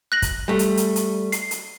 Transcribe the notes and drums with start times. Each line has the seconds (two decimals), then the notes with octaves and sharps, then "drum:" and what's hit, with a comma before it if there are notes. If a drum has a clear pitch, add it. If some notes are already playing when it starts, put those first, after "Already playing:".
0.12 F#6 A#6 F#7
0.22 drum: kick, hi-hat
0.48 G3 A3
0.59 drum: hi-hat
0.77 drum: hi-hat
0.96 drum: hi-hat
1.32 C7, drum: hi-hat
1.51 drum: hi-hat